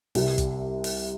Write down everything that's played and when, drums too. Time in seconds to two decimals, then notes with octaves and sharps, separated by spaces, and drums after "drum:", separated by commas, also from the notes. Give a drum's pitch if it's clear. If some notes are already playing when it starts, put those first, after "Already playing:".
0.15 C2 C3 G3, drum: open hi-hat
0.38 drum: kick, hi-hat
0.84 drum: open hi-hat